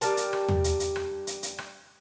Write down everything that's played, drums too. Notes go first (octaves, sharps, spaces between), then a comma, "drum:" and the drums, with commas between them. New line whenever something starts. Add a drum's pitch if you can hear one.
G3 D4 A#4 A5, drum: hi-hat
drum: hi-hat
drum: rim click
drum: tom
drum: hi-hat
drum: hi-hat
drum: rim click
drum: hi-hat
drum: hi-hat
drum: rim click